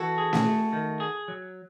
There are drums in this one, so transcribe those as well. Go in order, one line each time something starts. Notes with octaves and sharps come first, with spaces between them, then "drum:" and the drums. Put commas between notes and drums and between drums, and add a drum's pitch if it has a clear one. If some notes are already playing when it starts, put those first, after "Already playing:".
Already playing: E3 F#4 A4
G#4
drum: snare
A3
D#3
G#4
F#3